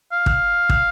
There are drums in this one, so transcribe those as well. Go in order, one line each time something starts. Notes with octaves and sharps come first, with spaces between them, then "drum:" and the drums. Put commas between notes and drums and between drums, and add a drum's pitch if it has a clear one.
F5
drum: kick
drum: kick